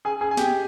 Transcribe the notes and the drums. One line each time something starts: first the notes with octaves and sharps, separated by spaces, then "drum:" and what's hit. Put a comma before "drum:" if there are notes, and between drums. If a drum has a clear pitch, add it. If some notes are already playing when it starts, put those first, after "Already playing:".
G#4 G#5
G#4 G#5
G#5
G4 G5, drum: snare